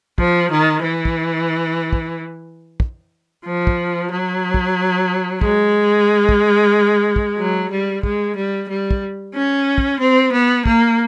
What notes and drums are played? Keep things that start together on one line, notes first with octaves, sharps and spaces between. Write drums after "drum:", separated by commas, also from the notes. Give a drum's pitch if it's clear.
F3, drum: kick
D#3
E3
drum: kick
drum: kick
drum: kick
F3
drum: kick
F#3
drum: kick
G#3, drum: kick
drum: kick
drum: kick
F#3
G3
G#3, drum: kick
G3
G3
drum: kick
C#4
drum: kick
C4
B3
A#3, drum: kick